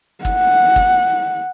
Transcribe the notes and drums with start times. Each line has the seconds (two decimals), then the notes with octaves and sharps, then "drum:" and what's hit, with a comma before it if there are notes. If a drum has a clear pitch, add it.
0.25 F#5, drum: kick
0.76 drum: kick